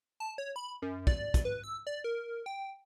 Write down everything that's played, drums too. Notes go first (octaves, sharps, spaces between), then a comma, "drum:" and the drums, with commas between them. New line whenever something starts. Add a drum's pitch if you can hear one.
A5
C#5
B5
F#2
D5, drum: kick
drum: kick, hi-hat
B4
E6
D5
A#4
G5